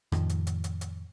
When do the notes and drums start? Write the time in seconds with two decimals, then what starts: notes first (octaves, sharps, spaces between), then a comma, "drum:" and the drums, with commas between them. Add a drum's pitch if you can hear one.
0.12 F2 A2 D#3 F3, drum: rim click
0.29 drum: hi-hat
0.47 drum: hi-hat
0.64 drum: hi-hat
0.81 drum: hi-hat